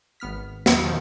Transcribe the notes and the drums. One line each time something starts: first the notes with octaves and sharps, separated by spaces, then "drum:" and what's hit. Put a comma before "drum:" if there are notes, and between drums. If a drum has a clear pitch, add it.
G#1 B3 F6 B6
E2 D#3 F#3 G3 D#6, drum: snare
B2 D#3 F3 F#3